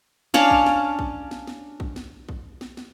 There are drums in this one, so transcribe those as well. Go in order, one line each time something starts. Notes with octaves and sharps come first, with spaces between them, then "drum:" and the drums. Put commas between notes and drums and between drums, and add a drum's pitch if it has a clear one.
C#4 D4 C#5 F5
drum: kick
drum: snare
drum: kick
drum: snare
drum: snare
drum: kick
drum: snare
drum: kick
drum: snare
drum: snare